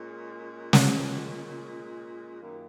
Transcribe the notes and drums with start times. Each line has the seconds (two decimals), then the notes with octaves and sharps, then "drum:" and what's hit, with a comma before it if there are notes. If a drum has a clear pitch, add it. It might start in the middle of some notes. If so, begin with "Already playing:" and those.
Already playing: A#2 G#3 C#4
0.73 drum: snare
2.40 F#2 D#3 A#3